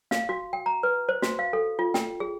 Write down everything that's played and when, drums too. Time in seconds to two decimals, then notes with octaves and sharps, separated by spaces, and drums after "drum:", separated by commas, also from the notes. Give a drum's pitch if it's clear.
0.11 F5, drum: snare
0.29 F#4
0.53 G5
0.66 A#5
0.83 B4
1.09 C5
1.22 F#4, drum: snare
1.39 F5
1.53 A4
1.79 F4
1.94 G5, drum: snare
2.20 G#4